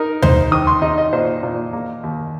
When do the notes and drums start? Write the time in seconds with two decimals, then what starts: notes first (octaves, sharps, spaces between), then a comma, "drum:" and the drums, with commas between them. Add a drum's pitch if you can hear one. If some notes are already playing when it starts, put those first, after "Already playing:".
Already playing: D#4 A#4
0.22 D#4 C5, drum: tom D#2
0.52 D#3 D#6
0.67 C6
0.82 D#4 D#5
0.98 D#5
1.13 A#2 C5
1.43 A#2
1.73 A#3
2.03 D#2